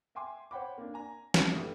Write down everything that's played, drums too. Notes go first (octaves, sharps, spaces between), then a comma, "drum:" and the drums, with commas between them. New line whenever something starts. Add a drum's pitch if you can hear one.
E5 G5 G#5 C6 D6
C5 C#5 F#5 G5 B5 D6
A#3 D4
G#5 A#5
E4, drum: snare
G1 G3 A3 D#6